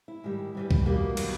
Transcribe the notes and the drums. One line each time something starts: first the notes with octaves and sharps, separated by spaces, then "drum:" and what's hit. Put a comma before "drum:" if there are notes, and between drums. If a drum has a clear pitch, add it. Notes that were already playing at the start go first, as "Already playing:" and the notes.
E4
G#2 D#3 G3
G2 E3 G3
drum: kick C2
E2 B2 G3 A#3
D#3 F#3, drum: cymbal